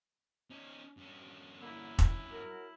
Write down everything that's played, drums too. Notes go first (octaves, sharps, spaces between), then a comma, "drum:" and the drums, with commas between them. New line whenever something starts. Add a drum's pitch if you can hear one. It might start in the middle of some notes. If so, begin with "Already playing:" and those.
C#4 D#4
G2 C#4
D3 A#3 E4
drum: kick
F#3 A#4